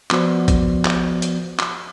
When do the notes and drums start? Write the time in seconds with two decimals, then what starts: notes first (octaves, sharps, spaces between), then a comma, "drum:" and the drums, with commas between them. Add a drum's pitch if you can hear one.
0.11 F3 B3 F#4 C5 D5, drum: clap
0.48 drum: kick A1, hi-hat
0.85 drum: clap
1.22 drum: hi-hat
1.59 drum: clap